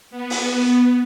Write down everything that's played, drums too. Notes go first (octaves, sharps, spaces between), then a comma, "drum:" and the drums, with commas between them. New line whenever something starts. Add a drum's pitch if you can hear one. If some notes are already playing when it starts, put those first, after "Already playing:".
B3
drum: open hi-hat